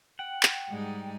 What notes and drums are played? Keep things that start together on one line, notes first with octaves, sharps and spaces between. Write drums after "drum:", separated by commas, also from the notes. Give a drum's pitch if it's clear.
F#5 G5
drum: clap
G#2 G3 G#3 D#4